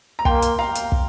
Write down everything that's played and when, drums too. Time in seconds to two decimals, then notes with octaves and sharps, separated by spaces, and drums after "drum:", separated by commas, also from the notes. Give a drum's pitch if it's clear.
0.19 A#5
0.25 A#3 G5 C6, drum: kick
0.42 drum: hi-hat
0.59 F5 A#5
0.75 drum: hi-hat
0.92 drum: kick